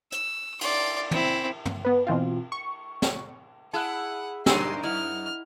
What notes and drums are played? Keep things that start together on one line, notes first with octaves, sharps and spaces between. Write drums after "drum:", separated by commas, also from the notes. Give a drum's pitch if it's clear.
E6, drum: hi-hat
D5 C6, drum: cymbal
C4 E4, drum: tom
drum: tom
B3 B4
B2 E3 C4 F4
C#6
drum: snare
E4 G#4 F#5 A5 F#6
F#2 D#4 G4 G#4 A#4 D5 C6 E6, drum: snare
E4 D#5 F#5 F6